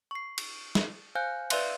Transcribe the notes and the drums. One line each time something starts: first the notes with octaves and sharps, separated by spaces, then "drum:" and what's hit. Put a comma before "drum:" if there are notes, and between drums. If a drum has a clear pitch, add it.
C#6 C7
drum: cymbal
drum: snare
C5 F5 G#5 F#6 G6
B4 D5 E5 F5 C6 F#6, drum: cymbal